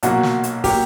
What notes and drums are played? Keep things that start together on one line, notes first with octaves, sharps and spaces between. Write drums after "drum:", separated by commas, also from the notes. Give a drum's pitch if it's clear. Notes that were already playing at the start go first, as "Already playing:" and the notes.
B1 A#2 F#3 A#3 F#4, drum: hi-hat
drum: snare
drum: hi-hat
A#2 F#3 A#3 G4, drum: kick, open hi-hat